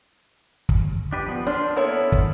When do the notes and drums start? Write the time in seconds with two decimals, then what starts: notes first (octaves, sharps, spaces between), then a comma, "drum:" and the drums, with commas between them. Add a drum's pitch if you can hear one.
0.69 drum: kick
1.13 D4 G4 B4
1.27 F3 B3
1.47 D4 C5 C6 F6
1.76 A#3 B3 E4 A4 A#4 C#5
2.12 drum: kick